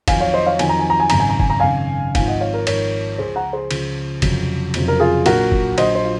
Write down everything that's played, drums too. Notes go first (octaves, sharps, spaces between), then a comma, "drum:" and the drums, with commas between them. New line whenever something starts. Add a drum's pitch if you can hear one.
F2 D#3 F#3 F5 G#5, drum: kick, cymbal
C#5 F5
C5 D#5
C#5 F5
F2 D#3 F#3 G#5, drum: cymbal
A#5
G#5
A#5
G#5
G#1 F#2 C#3 A#5, drum: cymbal
G#5
A#5
G#5, drum: kick
A#5
G#1 F#2 C#3 F5 G#5
G#1 G#2 F3 F5 G#5, drum: kick, cymbal
D#5 F#5
C#5 F5
A#4 C#5
G#1 G#2 F3 A#4 C#5, drum: cymbal
C#2 C#3 F3 G#4 C5
F#5 A#5
G#4 C5
C#2 C#3 F3, drum: cymbal
F1 F2 C#3 F#3, drum: kick, cymbal
F1 F2 C#3 F#3, drum: cymbal
A#4
F4 G#4
A#1 A#2 F#3 F#4 A#4, drum: cymbal
drum: kick
A#1 A#2 F#3 C5 D#5, drum: cymbal
C5 D#5
F4